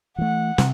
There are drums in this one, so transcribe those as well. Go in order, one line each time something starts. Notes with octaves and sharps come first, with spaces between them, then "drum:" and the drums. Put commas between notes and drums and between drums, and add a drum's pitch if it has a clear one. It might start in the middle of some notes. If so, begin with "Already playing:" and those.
E3 A3 F#5
C3, drum: snare